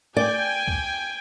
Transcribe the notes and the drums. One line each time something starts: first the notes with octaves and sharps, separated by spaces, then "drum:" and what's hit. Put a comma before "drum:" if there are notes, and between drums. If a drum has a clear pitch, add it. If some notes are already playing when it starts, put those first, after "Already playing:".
D5 G5 G#5
drum: kick C2